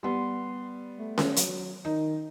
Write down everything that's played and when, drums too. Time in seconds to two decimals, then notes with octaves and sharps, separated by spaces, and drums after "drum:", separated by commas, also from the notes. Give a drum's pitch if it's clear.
0.03 G3 B3 C6
0.98 A3
1.18 drum: snare C#4
1.36 F#3, drum: hi-hat
1.85 D#3 D#4